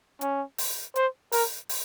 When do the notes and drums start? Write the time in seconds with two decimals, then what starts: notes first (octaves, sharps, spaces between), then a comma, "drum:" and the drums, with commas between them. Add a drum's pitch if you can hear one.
0.21 C#4, drum: hi-hat
0.58 drum: open hi-hat
0.96 C5, drum: hi-hat
1.32 A#4, drum: open hi-hat
1.69 drum: open hi-hat